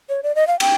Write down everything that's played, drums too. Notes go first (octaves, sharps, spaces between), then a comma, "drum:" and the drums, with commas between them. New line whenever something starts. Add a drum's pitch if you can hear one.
C#5
D5
D#5
F5
G5, drum: cymbal